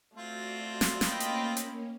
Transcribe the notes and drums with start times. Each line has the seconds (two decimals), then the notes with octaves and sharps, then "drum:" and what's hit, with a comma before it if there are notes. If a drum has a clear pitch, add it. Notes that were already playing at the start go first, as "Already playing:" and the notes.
0.16 A3 C4 F4 F#4 D5
0.81 drum: snare
1.01 A#3 C#4 D#5 G5 B5, drum: snare
1.20 drum: hi-hat
1.57 drum: hi-hat